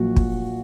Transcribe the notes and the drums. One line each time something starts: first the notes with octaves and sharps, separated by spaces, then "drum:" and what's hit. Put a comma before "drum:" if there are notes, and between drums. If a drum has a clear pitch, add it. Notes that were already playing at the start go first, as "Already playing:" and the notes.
Already playing: A#1 A#2 F#3 F#4
drum: kick